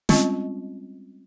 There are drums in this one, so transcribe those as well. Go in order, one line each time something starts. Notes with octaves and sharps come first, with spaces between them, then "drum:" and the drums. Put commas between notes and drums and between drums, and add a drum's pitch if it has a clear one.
G3 G#3 C4 C#4 F4 D#5, drum: snare